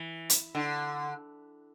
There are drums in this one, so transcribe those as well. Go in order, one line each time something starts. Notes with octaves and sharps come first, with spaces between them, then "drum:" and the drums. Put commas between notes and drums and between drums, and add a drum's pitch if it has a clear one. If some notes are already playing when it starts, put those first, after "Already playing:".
Already playing: E3
drum: hi-hat
D3